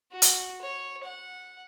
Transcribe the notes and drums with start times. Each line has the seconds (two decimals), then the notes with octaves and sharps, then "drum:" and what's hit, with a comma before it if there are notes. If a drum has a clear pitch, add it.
0.12 F#4
0.22 drum: hi-hat
0.61 C#5
1.04 F#5